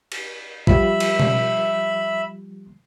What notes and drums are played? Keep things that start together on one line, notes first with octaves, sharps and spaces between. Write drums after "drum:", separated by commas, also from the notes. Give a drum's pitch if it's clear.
drum: cymbal
F3 G3 E5 B5, drum: kick
drum: cymbal
drum: tom B2